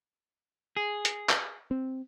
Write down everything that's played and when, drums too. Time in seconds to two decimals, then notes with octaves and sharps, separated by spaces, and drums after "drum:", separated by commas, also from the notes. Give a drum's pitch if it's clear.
0.77 G#4
1.05 drum: hi-hat
1.29 drum: clap
1.71 C4